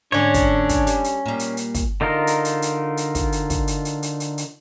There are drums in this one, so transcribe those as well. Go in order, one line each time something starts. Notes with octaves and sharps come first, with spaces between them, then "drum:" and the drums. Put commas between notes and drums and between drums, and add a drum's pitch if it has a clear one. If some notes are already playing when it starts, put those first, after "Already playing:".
G#2 D3 C#4 D4 C#5
drum: kick, hi-hat
drum: kick, hi-hat
G3, drum: hi-hat
drum: hi-hat
A#2 G3
drum: hi-hat
drum: hi-hat
drum: kick, hi-hat
D3 D#4 F4 A#4
drum: hi-hat
drum: hi-hat
drum: hi-hat
drum: hi-hat
drum: kick, hi-hat
drum: hi-hat
drum: kick, hi-hat
drum: hi-hat
drum: hi-hat
drum: hi-hat
drum: hi-hat
drum: hi-hat